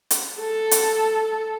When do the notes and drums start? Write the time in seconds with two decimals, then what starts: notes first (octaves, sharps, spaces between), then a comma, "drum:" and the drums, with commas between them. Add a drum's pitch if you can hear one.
0.11 drum: hi-hat
0.39 A4
0.71 drum: hi-hat